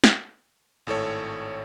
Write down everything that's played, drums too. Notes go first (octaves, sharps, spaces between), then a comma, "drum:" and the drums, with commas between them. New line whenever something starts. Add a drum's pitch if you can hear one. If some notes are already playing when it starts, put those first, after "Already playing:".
drum: snare
G#1 A2 A4 C#5